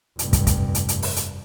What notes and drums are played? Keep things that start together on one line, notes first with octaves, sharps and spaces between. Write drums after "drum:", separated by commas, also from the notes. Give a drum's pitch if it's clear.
F1 G2, drum: hi-hat
drum: kick, hi-hat
drum: kick, hi-hat
drum: hi-hat
drum: hi-hat
drum: open hi-hat
drum: hi-hat